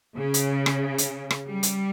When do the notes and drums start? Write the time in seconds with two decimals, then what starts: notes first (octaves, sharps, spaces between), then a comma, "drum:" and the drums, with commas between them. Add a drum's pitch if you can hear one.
0.18 C#3
0.34 drum: hi-hat
0.66 drum: rim click
0.98 drum: hi-hat
1.31 drum: rim click
1.47 G3
1.63 drum: hi-hat